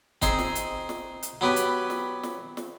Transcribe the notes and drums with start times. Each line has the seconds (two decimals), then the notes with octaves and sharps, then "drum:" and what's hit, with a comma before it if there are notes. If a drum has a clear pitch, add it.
0.22 C4 D#4 G#4 C5, drum: kick, hi-hat
0.38 drum: snare
0.55 drum: hi-hat
0.89 drum: snare
1.23 drum: hi-hat
1.41 F#3 B3 G4 B4
1.56 drum: hi-hat
1.90 drum: snare
2.23 drum: snare
2.57 drum: snare